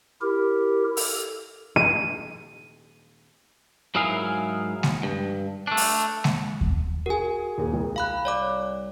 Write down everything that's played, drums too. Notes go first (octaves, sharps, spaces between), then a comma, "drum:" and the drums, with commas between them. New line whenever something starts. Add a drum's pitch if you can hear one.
E4 G4 A#4
A4, drum: open hi-hat
D#7
G#2 F#3 E4 G#4 A#4 F5
drum: snare G#3
G2
A3 D4
drum: open hi-hat
drum: snare G#3
drum: kick D#2
F#4 G#4 A#4 G#5
D#2 G#4
C2
F5 B5 F#6
C#5 D5 D6